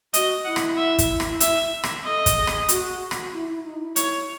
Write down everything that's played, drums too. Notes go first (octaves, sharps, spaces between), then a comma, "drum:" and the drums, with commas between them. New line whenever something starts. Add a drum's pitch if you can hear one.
F#4 D#5, drum: hi-hat
E4 F#5
drum: rim click
E5
drum: kick, hi-hat
drum: rim click
E5, drum: hi-hat
drum: rim click
A4 D#5
drum: kick, hi-hat
G#4
drum: rim click
F#4, drum: hi-hat
drum: rim click
E4
E4
D#4
E4
C#5, drum: hi-hat